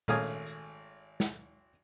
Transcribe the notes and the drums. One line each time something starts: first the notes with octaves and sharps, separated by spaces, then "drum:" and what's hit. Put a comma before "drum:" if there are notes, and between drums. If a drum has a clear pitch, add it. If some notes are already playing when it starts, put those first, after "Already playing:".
G#1 A3 C#4 F5 G#5 D#6, drum: tom A#2
drum: hi-hat
drum: snare